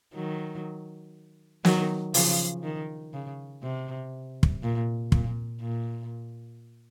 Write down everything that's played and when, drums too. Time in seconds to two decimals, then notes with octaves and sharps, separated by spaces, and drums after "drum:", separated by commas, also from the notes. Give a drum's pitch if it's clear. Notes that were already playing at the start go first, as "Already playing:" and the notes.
0.14 D#3 F#3
1.65 D#3 F#3, drum: snare
2.14 C#3 F3, drum: open hi-hat
2.63 D#3
3.14 C#3
3.63 C3
4.43 drum: kick
4.63 A#2
5.12 A#2, drum: kick
5.61 A#2